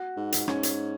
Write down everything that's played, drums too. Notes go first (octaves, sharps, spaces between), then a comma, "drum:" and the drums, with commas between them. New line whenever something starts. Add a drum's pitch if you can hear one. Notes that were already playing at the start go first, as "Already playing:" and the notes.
Already playing: F#4
G#2
drum: hi-hat
G#2 C#4, drum: rim click
drum: hi-hat